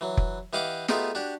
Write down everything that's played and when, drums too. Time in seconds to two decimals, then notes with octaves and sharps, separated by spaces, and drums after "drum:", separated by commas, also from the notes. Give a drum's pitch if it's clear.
0.01 E3 F#3
0.17 drum: kick F1
0.53 E3 G4 D#5 F5 F#5 D6
0.88 A3 B3 D#4 F4 G4 G#4, drum: snare
1.15 D4 F#4 G4